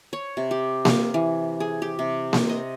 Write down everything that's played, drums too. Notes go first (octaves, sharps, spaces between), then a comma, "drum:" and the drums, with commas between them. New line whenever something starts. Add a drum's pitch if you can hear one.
C#5
C3
G4
F5, drum: snare A#3
E3
G#4
G4
C3
drum: snare A#3
D#5